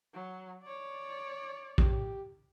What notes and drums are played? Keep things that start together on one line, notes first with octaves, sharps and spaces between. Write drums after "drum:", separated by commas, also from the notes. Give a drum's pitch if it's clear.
F#3
C#5 D5
G4, drum: kick